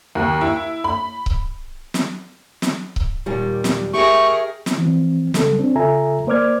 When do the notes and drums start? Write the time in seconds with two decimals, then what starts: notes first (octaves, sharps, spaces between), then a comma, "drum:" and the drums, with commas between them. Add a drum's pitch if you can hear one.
0.15 D#2
0.41 E4
0.84 B5
1.26 drum: kick C#1
1.94 drum: snare
2.62 drum: snare
2.96 drum: kick C#1
3.26 D#2 A#2 G3
3.64 drum: snare
3.94 G4 G#4 A#4 E5 C#6
4.66 drum: snare
4.78 E3 F3 C4
5.34 C#3 G3 A4, drum: snare
5.59 C4 D4
5.75 C#3 F4 A4 E5 G#5 A#5
6.27 A#3 C5 D5 D6 F6 G#6